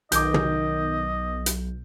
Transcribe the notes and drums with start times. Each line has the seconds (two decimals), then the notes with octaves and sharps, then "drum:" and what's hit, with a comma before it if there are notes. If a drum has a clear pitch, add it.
0.12 B1 D#3 D#5 D6 G6, drum: hi-hat
0.34 drum: tom
1.46 drum: hi-hat